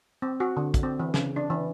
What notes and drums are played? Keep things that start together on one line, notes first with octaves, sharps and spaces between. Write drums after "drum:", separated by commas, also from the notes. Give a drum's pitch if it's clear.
C4
F#4
D3
drum: kick, hi-hat
C4
E3
C#3, drum: snare
D4
E3